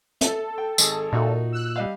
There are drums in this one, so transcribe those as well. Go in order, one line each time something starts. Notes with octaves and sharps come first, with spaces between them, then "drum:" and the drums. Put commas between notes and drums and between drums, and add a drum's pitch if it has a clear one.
A4 E5, drum: hi-hat
G5
G#1 G#4 E6, drum: tambourine
A#2 D#4 F#4 E5
E6 F#6
G3 D#5 F5